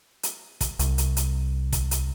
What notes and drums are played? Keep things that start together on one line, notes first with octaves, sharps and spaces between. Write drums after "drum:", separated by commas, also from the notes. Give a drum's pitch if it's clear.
drum: hi-hat
drum: kick, hi-hat
C2, drum: hi-hat
drum: hi-hat
drum: hi-hat
drum: kick, hi-hat
drum: hi-hat